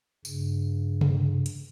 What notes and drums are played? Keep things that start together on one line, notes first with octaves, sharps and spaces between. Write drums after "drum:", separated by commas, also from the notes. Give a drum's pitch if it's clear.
G2 C#3, drum: tambourine
drum: tom C3
drum: hi-hat